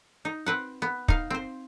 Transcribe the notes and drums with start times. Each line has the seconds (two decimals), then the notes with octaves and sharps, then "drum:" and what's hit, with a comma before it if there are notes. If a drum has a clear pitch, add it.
0.25 D#4
0.46 C4 B4 F#5
0.82 B3
1.08 D#4 F5, drum: kick
1.30 C4 C5